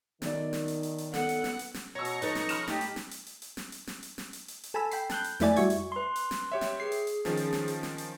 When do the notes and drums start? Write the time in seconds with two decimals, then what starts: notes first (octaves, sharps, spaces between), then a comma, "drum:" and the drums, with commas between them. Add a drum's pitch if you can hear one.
0.22 B1 D#3 D5, drum: snare
0.53 drum: snare
0.68 drum: hi-hat
0.83 drum: hi-hat
0.98 drum: hi-hat
1.14 B3 A4 F#5, drum: snare
1.29 drum: hi-hat
1.44 drum: snare
1.59 drum: hi-hat
1.74 drum: snare
1.95 B2 C#5 A#5 C#6 E6
2.05 drum: hi-hat
2.22 F3 D#4 A4 B4 C#5, drum: hi-hat
2.35 drum: snare
2.49 B5 F6 E7, drum: hi-hat
2.67 A3 D#4 G4, drum: snare
2.81 drum: hi-hat
2.96 drum: snare
3.11 drum: hi-hat
3.27 drum: hi-hat
3.42 drum: hi-hat
3.57 drum: snare
3.72 drum: hi-hat
3.87 drum: snare
4.03 drum: hi-hat
4.18 drum: snare
4.33 drum: hi-hat
4.48 drum: hi-hat
4.63 drum: hi-hat
4.74 A4 G#5 A5 B5 E6
4.91 G5 B5 C7, drum: hi-hat
5.10 A5 F#6 G6, drum: snare
5.24 drum: hi-hat
5.40 F2 A3 E4 D5 G#5 A6, drum: snare
5.56 G3 F#4 E5 C#6 G#6, drum: hi-hat
5.70 drum: hi-hat
5.92 B4 C6
6.16 drum: hi-hat
6.31 drum: snare
6.52 G4 C#5 E5
6.61 drum: snare
6.80 G#4 C7
6.92 drum: hi-hat
7.07 drum: hi-hat
7.25 D#3 F3 C#4, drum: snare
7.37 drum: hi-hat
7.53 drum: snare
7.68 drum: hi-hat
7.83 drum: snare
7.98 drum: hi-hat